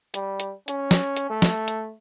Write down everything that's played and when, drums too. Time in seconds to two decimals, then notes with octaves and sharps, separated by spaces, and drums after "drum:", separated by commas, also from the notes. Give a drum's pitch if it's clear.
0.14 G3, drum: hi-hat
0.40 drum: hi-hat
0.68 C#4, drum: hi-hat
0.91 drum: snare
1.17 drum: hi-hat
1.30 A3
1.42 drum: snare
1.68 drum: hi-hat